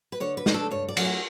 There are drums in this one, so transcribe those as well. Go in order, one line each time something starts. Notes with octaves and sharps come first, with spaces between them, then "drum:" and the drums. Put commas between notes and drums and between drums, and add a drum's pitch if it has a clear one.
B4
D3 C#5
B4
A3 D4, drum: snare
A4
G2 C#5
D5
F#3 A3 C#4, drum: cymbal
E4